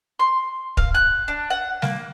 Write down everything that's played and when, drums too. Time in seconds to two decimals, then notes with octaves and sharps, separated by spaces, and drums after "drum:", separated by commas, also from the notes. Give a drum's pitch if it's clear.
0.19 C6
0.77 F5, drum: kick
0.95 F#6
1.28 D4
1.50 F#5
1.82 A#3, drum: snare G3